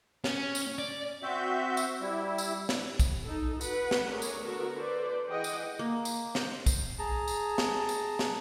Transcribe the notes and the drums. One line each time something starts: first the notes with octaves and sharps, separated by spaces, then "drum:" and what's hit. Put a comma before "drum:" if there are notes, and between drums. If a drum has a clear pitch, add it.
C#4, drum: snare
drum: tambourine
D5
C4 F#4 E5 G6
drum: tambourine
G3 E4
drum: tambourine
drum: snare
drum: kick, tambourine
D#4 A4
F#4 B4 F#5, drum: tambourine
drum: snare
A3 D4 G#4 A#4 C#5
drum: tambourine
D3 B3 F#4 A4 A#4
A4 B4 C5 D5
E3 G#4 D#5 F#5 G5
drum: tambourine
A#3
drum: tambourine
C5 D#5, drum: snare
drum: kick, tambourine
G#4 A5 A#5
drum: tambourine
drum: snare
drum: tambourine
drum: snare